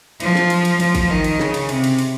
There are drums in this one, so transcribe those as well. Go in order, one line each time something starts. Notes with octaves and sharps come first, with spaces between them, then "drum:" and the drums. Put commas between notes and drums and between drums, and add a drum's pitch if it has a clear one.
F3, drum: cymbal
drum: snare
drum: cymbal
drum: cymbal
F3, drum: cymbal
drum: kick A1, cymbal
D#3
drum: cymbal
C#3, drum: snare
drum: cymbal
C3, drum: cymbal
drum: cymbal
drum: cymbal